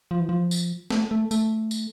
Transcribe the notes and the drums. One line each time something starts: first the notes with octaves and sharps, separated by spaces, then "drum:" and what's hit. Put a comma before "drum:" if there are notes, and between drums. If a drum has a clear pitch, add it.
F3
E3
F3
drum: tambourine
A3, drum: snare
A3
A3, drum: tambourine
drum: tambourine